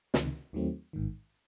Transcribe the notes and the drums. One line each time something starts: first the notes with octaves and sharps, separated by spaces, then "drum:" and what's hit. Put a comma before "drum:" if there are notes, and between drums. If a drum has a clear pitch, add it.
C#2 C3 D#3, drum: snare
D#2 D#3 F#3 A3 C4
A1 G#2 D#3